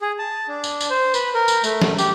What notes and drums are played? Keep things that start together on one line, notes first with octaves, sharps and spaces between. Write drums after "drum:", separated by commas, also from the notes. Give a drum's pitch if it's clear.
G#4
A5
D4
drum: tambourine
drum: tambourine
C5
B4, drum: tambourine
A#4
drum: tambourine
A3, drum: tambourine
drum: snare
G4, drum: tambourine